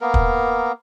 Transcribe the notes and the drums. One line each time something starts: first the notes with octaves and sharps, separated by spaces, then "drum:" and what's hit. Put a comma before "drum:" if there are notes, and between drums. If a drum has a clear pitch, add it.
A#3 B3 A#4
drum: kick